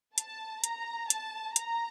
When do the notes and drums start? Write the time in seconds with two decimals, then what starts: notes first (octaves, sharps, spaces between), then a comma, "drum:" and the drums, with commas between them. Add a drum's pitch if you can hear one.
0.18 A5, drum: hi-hat
0.64 A#5, drum: hi-hat
1.10 A5, drum: hi-hat
1.56 A#5, drum: hi-hat